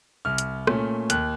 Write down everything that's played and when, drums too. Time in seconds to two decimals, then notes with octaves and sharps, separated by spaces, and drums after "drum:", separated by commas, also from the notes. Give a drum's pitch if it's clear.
0.25 C2 F6
0.38 drum: hi-hat
0.67 A#2 A3 C#4, drum: rim click
1.10 D#2 F#6, drum: hi-hat